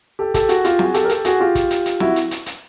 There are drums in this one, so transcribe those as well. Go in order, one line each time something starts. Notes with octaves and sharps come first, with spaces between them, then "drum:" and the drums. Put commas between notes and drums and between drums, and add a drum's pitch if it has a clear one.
G4 A4
G4 A4, drum: kick, hi-hat
F#4 G#4, drum: hi-hat
F4 G4, drum: hi-hat
F#4 G#4, drum: snare
G4 A4, drum: hi-hat
A#4
G4 A4, drum: hi-hat
F#4 G#4, drum: hi-hat
F4 G4
drum: kick, hi-hat
drum: hi-hat
drum: hi-hat
E4 F#4, drum: snare
drum: hi-hat
drum: hi-hat
drum: hi-hat